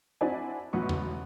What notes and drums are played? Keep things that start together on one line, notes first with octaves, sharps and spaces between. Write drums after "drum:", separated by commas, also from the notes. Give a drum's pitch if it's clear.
C4 D4 E4 F#4 D5 G#5
A1 G#2 B2 B3 B4 C#6
drum: tom E2